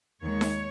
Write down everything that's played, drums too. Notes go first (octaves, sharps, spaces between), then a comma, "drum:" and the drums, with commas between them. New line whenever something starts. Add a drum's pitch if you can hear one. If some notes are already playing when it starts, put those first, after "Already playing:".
D#2 D#3 G#3 C#5
drum: snare D#4